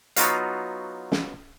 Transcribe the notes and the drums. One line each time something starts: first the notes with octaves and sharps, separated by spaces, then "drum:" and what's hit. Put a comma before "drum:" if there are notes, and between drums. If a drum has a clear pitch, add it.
F#3 B3 D#4 F4 F#4 F5, drum: hi-hat
drum: snare